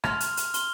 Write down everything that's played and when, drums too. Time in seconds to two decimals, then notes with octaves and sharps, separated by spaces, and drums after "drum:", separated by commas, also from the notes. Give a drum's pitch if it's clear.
0.04 C6 F6 F7, drum: rim click
0.20 drum: hi-hat
0.37 drum: hi-hat
0.54 C6 F6 G7, drum: hi-hat